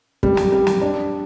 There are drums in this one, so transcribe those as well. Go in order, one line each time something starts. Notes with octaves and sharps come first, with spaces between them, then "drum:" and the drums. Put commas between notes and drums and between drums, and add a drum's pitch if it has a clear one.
G3, drum: kick
drum: snare
G3
drum: snare
D4